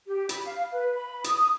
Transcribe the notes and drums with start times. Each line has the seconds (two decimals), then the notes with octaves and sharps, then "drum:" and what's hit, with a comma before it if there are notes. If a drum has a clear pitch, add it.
0.07 G4
0.29 B5, drum: hi-hat
0.46 F5
0.72 B4
0.94 B5
1.24 D#6, drum: hi-hat